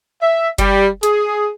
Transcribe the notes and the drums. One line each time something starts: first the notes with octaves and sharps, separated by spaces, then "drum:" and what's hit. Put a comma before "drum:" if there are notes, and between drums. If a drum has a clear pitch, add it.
E5
G3, drum: kick F#1, hi-hat
G#4, drum: hi-hat